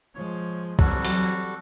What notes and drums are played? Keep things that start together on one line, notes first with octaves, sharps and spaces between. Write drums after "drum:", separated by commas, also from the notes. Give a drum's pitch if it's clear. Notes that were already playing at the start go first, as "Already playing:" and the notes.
F3 G#3 C#5
E3 F#3 G3 C4 F#4 A4, drum: kick
drum: open hi-hat